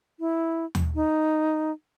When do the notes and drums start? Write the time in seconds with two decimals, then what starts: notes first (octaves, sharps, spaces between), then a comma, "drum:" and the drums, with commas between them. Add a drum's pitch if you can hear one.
0.20 E4
0.75 drum: tom D#2
0.95 D#4